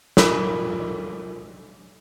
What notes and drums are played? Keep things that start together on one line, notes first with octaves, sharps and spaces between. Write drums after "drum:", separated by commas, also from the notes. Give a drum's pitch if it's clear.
F4 A#4 B5, drum: snare